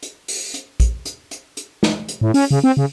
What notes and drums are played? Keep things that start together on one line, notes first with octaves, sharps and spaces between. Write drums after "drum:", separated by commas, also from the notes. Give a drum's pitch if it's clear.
drum: hi-hat
drum: open hi-hat
drum: hi-hat
drum: kick, hi-hat
drum: hi-hat
drum: hi-hat
drum: hi-hat
drum: snare
drum: hi-hat
A2
C#4, drum: open hi-hat
C#3
C4
C#3